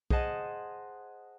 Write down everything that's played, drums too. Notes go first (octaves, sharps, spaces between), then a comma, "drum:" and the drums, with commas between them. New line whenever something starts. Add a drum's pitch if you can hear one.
G#4 C5 D#5 F#5 A5, drum: kick B1